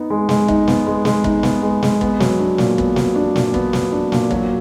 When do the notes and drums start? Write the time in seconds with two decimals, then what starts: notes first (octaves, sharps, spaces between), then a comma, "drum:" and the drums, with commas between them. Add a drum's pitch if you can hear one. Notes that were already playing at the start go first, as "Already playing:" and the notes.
Already playing: B3 D#4
0.10 G#3
0.29 G#3, drum: snare
0.48 D#4, drum: kick
0.68 B3, drum: snare
0.87 G#3
1.05 G#3, drum: snare
1.24 D#4, drum: kick
1.43 B3, drum: snare
1.62 G#3
1.83 G#3, drum: snare
2.01 B3, drum: kick
2.20 F#3, drum: snare
2.39 D4
2.58 A#2, drum: snare
2.78 B3, drum: kick
2.96 F#3, drum: snare
3.16 D4
3.36 A#2, drum: snare
3.54 B3, drum: kick
3.73 F#3, drum: snare
3.92 D4
4.12 A#2, drum: snare
4.31 F#3, drum: kick